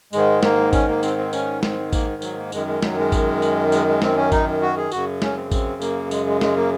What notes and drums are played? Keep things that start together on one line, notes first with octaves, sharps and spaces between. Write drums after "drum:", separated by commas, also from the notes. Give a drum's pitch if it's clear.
G#2 D#3 G#3, drum: tambourine
A#3, drum: snare
C#4, drum: kick A1, tambourine
A#3
C4, drum: tambourine
C4
C#4, drum: tambourine
C4, drum: snare
A#3, drum: kick A1, tambourine
F#3, drum: tambourine
A#3
F#2 D#3 G#3, drum: tambourine
G#3
F#3, drum: snare
G#3
drum: kick A1, tambourine
drum: tambourine
G#3, drum: tambourine
G#3
C4, drum: snare
C#4
D#4, drum: kick A1, tambourine
F#4
G#4
F#2 C#3 F#4, drum: tambourine
C#4, drum: snare
C4
C4, drum: kick A1, tambourine
A#3, drum: tambourine
G#3, drum: tambourine
G#3
G#3, drum: snare
A#3